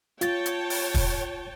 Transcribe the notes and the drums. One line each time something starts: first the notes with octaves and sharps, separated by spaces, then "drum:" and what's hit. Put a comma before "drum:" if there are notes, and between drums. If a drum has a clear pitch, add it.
F4 C#5 G5 A5 A6, drum: hi-hat
drum: hi-hat
drum: open hi-hat
drum: kick, open hi-hat